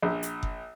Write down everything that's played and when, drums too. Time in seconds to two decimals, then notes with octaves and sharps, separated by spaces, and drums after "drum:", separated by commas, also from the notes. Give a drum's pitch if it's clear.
0.02 A#1
0.23 drum: hi-hat
0.43 drum: kick F#1